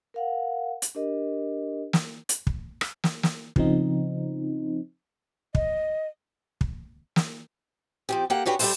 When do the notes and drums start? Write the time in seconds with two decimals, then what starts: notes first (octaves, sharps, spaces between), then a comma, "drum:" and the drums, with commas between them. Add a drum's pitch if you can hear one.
0.14 A#4 F5 F#5
0.82 drum: hi-hat
0.95 D4 G4 A#4 D#5
1.93 drum: snare
2.29 drum: hi-hat
2.47 drum: kick
2.81 drum: rim click
3.04 drum: snare
3.23 drum: snare
3.56 C#3 F3 C4 D#4, drum: kick
5.55 D#5, drum: kick
6.61 drum: kick
7.16 drum: snare
8.09 F3 C4 G4
8.30 A#3 G4 A4 F#5 G5
8.46 C#4 D4 F#4 G4 B4
8.59 G3 A4 C5, drum: open hi-hat